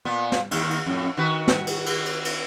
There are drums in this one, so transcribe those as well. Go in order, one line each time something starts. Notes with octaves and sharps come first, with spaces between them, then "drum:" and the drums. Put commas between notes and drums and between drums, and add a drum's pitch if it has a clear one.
A#2 B3
drum: snare
D#2 D#3, drum: cymbal
drum: cymbal
F2 A2
D#3 F#4 B4
drum: snare
drum: cymbal
drum: cymbal
drum: cymbal
drum: cymbal